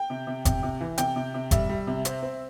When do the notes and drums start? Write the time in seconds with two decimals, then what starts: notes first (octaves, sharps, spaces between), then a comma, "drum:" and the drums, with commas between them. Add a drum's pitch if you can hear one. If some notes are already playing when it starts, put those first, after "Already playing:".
Already playing: G5
0.10 C3
0.27 C3
0.45 C3, drum: kick F1, hi-hat
0.63 C3
0.80 E3
0.98 C3 G5, drum: hi-hat
1.16 C3
1.34 C3
1.51 G3 E5, drum: kick F1, hi-hat
1.69 G3
1.87 C3
2.05 C4, drum: hi-hat
2.22 C4